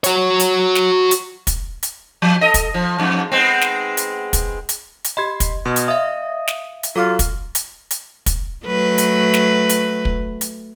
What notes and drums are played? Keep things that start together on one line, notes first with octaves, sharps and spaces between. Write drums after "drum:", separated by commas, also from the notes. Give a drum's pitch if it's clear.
F#4 C#5, drum: hi-hat
drum: hi-hat
drum: snare
drum: hi-hat
drum: kick, hi-hat
drum: hi-hat
F3
A4 D#5
drum: kick, hi-hat
F3
F2 G#2
G#3 B3 C4
drum: snare
drum: hi-hat
drum: kick, hi-hat
drum: hi-hat
drum: hi-hat
G4 D#5 B5 C6 G#6
drum: kick, hi-hat
B2 D#5 C6 F6 G#6
drum: hi-hat
E5 F5 D#6
drum: snare
drum: hi-hat
F#3 F4 A4 D6
drum: kick, hi-hat
drum: hi-hat
drum: hi-hat
drum: kick, hi-hat
F#3 A3 B4
drum: hi-hat
drum: snare
drum: hi-hat
drum: kick
drum: hi-hat